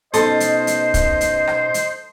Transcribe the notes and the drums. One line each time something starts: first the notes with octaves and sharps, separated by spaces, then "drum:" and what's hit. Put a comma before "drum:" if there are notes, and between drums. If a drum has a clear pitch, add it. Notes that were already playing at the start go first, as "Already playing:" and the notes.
B2 C#4 D#4 A4 C5 D#5 C6 D#6, drum: hi-hat
drum: hi-hat
drum: hi-hat
drum: kick, hi-hat
drum: hi-hat
drum: rim click
drum: hi-hat